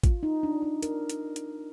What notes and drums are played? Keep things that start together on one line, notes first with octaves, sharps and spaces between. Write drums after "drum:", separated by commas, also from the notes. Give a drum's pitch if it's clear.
F4, drum: kick, hi-hat
D#4
D4
D#4
A#4, drum: hi-hat
drum: hi-hat
drum: hi-hat